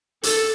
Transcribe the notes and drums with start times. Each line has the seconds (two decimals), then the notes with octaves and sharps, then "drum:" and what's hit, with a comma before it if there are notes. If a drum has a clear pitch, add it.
0.23 A4, drum: hi-hat